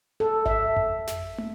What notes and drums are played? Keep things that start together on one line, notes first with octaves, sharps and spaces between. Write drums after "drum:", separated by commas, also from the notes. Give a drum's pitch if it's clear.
A4
E5, drum: kick G#1
drum: tom F2
drum: snare
drum: tom